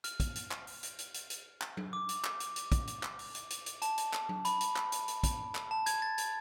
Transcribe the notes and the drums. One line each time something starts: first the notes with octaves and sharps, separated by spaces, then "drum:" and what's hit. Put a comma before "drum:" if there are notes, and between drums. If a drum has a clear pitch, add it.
F6, drum: hi-hat
drum: kick, hi-hat
drum: hi-hat
drum: clap
drum: open hi-hat
drum: hi-hat
drum: hi-hat
drum: hi-hat
drum: hi-hat
drum: clap
drum: tom F#3
D6
drum: hi-hat
drum: clap
drum: hi-hat
drum: hi-hat
drum: kick, hi-hat
drum: hi-hat
drum: clap
drum: open hi-hat
drum: hi-hat
drum: hi-hat
drum: hi-hat
A5, drum: hi-hat
drum: hi-hat
drum: clap
drum: tom F#3
B5, drum: hi-hat
drum: hi-hat
drum: clap
drum: hi-hat
drum: hi-hat
drum: kick, hi-hat
drum: clap
A5
G#6, drum: hi-hat
A6
G#6, drum: hi-hat